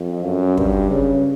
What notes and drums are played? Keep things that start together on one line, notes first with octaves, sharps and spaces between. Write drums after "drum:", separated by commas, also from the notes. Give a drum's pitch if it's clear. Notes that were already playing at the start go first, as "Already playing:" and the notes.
Already playing: F2
F#2
G2, drum: kick
C#3